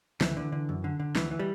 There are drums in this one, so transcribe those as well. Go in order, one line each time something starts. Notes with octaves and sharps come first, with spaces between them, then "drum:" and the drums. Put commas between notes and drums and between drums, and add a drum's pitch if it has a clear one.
D2 E3, drum: snare
D3
D3
F#2
D3
D3
D2 E3, drum: snare
E3
G3